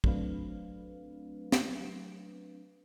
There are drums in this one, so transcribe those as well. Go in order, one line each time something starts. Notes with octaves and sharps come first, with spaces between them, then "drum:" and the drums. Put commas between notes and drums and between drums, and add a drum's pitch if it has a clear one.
F#3 A3 C4 D4 B4 F5, drum: kick
drum: snare